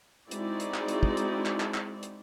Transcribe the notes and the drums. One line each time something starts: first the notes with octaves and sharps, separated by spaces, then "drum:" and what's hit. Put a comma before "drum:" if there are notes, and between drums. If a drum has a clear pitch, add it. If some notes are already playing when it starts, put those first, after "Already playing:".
G#3 C4 D#4 E4 F#4 D5, drum: hi-hat
drum: hi-hat
drum: clap
drum: hi-hat
drum: kick
drum: hi-hat
drum: clap
drum: clap
drum: clap
drum: hi-hat